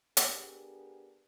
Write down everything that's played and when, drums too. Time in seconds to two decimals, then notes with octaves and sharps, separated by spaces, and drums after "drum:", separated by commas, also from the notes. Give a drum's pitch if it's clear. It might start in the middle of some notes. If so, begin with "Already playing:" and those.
0.17 B3 D4 G4 G#4 A#4, drum: hi-hat